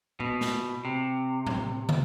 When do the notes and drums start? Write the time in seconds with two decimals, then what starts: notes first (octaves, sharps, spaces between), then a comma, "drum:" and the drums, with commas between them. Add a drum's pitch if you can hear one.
0.20 B2, drum: tom A#2
0.41 drum: snare
0.85 C3
1.47 drum: tom
1.89 drum: tom